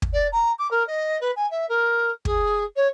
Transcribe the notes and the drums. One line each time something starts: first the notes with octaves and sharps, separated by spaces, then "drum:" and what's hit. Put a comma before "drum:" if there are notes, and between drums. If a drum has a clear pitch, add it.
drum: kick
D5
A#5
D6
A#4
D#5
B4
G#5
E5
A#4
G#4, drum: kick
C#5